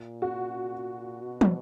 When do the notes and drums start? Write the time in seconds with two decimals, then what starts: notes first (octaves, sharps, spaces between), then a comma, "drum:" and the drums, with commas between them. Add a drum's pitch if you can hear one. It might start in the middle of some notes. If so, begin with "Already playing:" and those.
Already playing: A#2
0.22 F#4
1.22 B2
1.41 drum: tom